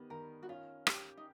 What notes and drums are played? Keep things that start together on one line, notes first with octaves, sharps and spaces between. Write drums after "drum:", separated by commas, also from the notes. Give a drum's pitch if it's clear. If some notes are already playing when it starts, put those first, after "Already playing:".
Already playing: D#3 G3 B3
D#3 A#4
F#4
C#4 F4
G4, drum: rim click
D#4